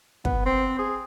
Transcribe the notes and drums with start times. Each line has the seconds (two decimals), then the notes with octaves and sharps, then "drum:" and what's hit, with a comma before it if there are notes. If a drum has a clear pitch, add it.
0.25 B3, drum: kick
0.46 C4
0.79 G#4